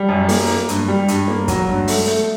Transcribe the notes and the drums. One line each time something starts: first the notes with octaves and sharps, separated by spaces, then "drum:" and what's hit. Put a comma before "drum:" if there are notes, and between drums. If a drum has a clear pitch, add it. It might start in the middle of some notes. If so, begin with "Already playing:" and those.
Already playing: G3
F#2
A#3, drum: open hi-hat
A#3
G2, drum: hi-hat
G3
G2, drum: hi-hat
A#3
F#3, drum: kick, hi-hat
G2
A3, drum: open hi-hat
A3